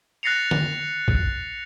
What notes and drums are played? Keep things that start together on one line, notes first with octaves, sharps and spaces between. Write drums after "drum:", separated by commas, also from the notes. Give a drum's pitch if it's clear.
F#6 A6 A#6 C7 C#7 F7
drum: tom D3
drum: kick